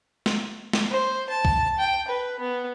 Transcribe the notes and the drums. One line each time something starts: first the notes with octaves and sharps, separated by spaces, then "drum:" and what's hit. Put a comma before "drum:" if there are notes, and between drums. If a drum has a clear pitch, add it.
drum: snare
drum: snare
C5
A5
drum: kick B1
G5
B4
B3